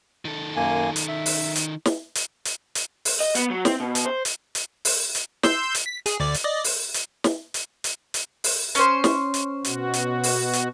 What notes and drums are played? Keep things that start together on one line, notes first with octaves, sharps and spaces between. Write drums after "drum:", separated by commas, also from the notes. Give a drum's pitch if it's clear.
D#3 A4
F#2 A#3 G#5
drum: hi-hat
E5
drum: open hi-hat
drum: hi-hat
drum: snare
drum: hi-hat
drum: hi-hat
drum: hi-hat
drum: open hi-hat
D#5
B3, drum: hi-hat
F#3
C4, drum: snare
B2
drum: hi-hat
C5
drum: hi-hat
drum: hi-hat
drum: open hi-hat
drum: hi-hat
C6 E6 G6, drum: snare
drum: hi-hat
B6
G#4, drum: hi-hat
D2 D5
drum: hi-hat
D5 D#5
drum: open hi-hat
drum: hi-hat
drum: snare
drum: hi-hat
drum: hi-hat
drum: hi-hat
drum: open hi-hat
C#4 C5, drum: hi-hat
drum: snare
drum: hi-hat
B2 F#4, drum: hi-hat
drum: hi-hat
drum: open hi-hat
drum: hi-hat